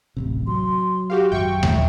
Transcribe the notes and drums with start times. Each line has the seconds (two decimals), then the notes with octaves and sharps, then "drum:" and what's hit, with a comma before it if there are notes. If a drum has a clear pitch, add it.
0.17 D1 A1 C3
0.47 F#3 C6
1.10 F#4 G4 F5
1.32 G#1 F#2 E5 G5 C#6
1.63 drum: tom D#2